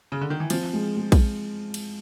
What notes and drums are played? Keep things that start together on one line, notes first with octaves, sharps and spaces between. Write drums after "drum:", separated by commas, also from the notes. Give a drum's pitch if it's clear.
C#3
D3
D#3
E3
F3 C4, drum: cymbal
G#3
G#3
drum: kick, cymbal
drum: cymbal